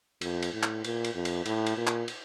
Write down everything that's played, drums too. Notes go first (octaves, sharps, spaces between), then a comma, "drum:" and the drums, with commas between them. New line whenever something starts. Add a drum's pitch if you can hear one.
F2, drum: cymbal
drum: cymbal
A2
drum: clap
A#2, drum: cymbal
drum: cymbal
F2
drum: cymbal
A2, drum: cymbal
drum: cymbal
A#2
drum: clap
drum: cymbal